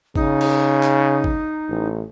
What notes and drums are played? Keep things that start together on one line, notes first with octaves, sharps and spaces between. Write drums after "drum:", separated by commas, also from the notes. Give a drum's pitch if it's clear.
C#3 D#4, drum: kick G#1
drum: cymbal
drum: clap
drum: kick G#1
A1